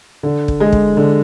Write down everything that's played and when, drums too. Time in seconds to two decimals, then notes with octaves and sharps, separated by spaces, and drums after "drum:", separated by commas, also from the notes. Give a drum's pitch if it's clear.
0.23 D3
0.48 drum: kick
0.60 G#3
0.73 drum: kick
0.97 D3